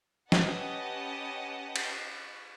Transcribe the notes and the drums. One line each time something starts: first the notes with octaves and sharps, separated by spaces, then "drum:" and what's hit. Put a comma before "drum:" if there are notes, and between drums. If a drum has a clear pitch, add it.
C#4 G4 B4 D#5 F#5 A5, drum: snare
drum: cymbal